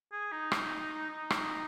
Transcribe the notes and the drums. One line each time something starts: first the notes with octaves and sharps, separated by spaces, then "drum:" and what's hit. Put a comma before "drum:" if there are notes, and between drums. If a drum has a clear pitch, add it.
G#4
D#4
drum: rim click
D#4
drum: rim click